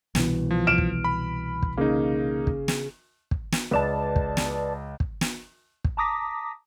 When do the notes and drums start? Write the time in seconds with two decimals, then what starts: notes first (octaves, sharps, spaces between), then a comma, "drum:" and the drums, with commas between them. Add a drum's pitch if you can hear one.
0.15 C2 B2 E3, drum: snare
0.51 F3
0.67 F6 D7 E7
0.78 drum: kick
1.04 B5
1.63 drum: kick
1.77 C#3 A#3 D#4
2.47 drum: kick
2.68 drum: snare
3.31 drum: kick
3.52 drum: snare
3.71 C#2 B4 D5 A5 E7
4.16 drum: kick
4.37 drum: snare
5.00 drum: kick
5.21 drum: snare
5.84 drum: kick
5.97 A5 A#5 D6 D#6 A#6 B6